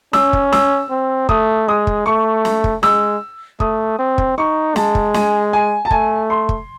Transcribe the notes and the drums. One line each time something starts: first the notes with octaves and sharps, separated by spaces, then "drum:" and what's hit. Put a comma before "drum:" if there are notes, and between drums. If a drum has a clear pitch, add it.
C#4 E6, drum: snare
drum: kick
E6, drum: snare
C4
A3 D#6, drum: kick
G#3 D#6
drum: kick
A3 C#6
drum: snare
drum: kick
G#3 E6, drum: snare
A3 D#6, drum: kick
C4
drum: kick
D#4 C#6
G#3 A5, drum: snare
drum: kick
G#5, drum: snare
G#5
A5
A3 G#5, drum: kick
C6
drum: kick